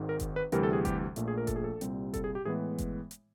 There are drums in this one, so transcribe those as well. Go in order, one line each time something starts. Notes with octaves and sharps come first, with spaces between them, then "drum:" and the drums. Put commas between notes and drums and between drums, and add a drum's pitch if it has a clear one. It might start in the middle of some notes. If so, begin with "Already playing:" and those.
Already playing: G#1 G#2 D#3
A#4
drum: kick F#1, hi-hat
B4
D2 C3 E3 G3 A#4, drum: hi-hat
A4
G#4
G4, drum: kick F#1, hi-hat
A#1 A#2 F3 A3, drum: hi-hat
G#4
A#4
A4, drum: kick F#1, hi-hat
G#4
A4
C2 A#2 G3 C4, drum: hi-hat
A4, drum: kick F#1, hi-hat
G#4
G4
A2 E3 G#3 B3 G#4
drum: kick F#1, hi-hat
drum: hi-hat